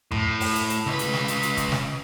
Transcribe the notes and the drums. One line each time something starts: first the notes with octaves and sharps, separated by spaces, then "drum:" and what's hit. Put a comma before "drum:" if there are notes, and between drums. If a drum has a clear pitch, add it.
A2, drum: tom F#2
drum: open hi-hat
drum: hi-hat
drum: hi-hat
C#2 B4
drum: hi-hat
drum: snare
drum: hi-hat
drum: hi-hat
drum: kick, hi-hat
drum: snare